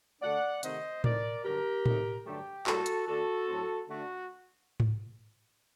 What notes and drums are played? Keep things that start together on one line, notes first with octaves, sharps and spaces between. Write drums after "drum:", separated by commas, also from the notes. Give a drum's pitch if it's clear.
D3 A3 D4 D5 F#5
C3 D#3 A3 C4 D#4 C5 D#5, drum: hi-hat
A2 A3 C4 D#4 A#4 D5, drum: tom A2
G2 D3 F#3 G4 A#4
D#3 F#3 A3 C4 D#4, drum: tom A2
G2 D3 F#3 A3 D4 G4
A2 G3 A#3 F#4 A4, drum: clap
drum: hi-hat
D3 A3 D4 F#4 A4
A2 F#3 C4
D3 A3 D4 F#4
drum: tom G#2